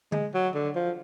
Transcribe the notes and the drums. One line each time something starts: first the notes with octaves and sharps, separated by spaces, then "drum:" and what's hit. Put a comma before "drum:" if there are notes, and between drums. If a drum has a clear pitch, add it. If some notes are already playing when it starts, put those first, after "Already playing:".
G#3, drum: tom D3
F#3
D3
F3